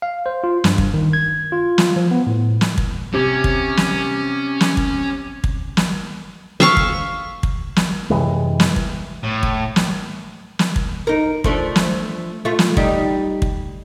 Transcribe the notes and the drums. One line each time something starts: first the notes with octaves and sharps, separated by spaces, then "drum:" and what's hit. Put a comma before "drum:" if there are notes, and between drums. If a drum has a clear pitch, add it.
F5
C5
F4
G2, drum: snare
drum: kick
D#3
G#6
F4
drum: snare
F3
B3
A2
drum: snare
drum: kick
C3 C#4
drum: kick
drum: snare
drum: snare
drum: kick
drum: kick
drum: snare
E5 F5 C#6, drum: snare
drum: kick
drum: kick
drum: snare
F#2 C3 E3 G#3
drum: snare
drum: kick
A2
drum: kick
drum: snare
drum: snare
drum: kick
D#4 A#4
F3 A3 D4, drum: kick
drum: snare
A3 F4
drum: snare
G3 D#4, drum: kick
drum: kick